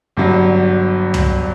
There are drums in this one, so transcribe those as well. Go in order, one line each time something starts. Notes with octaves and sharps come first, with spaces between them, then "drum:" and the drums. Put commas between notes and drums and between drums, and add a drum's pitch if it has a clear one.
G1 G2 F#3
drum: tom